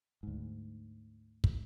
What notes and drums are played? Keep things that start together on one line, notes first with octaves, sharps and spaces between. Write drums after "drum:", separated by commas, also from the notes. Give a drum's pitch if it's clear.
D2 G#2
drum: kick